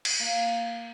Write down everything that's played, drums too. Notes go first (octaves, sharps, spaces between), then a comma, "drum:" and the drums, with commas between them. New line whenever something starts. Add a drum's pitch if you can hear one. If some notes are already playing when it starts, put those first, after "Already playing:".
drum: cymbal
A#3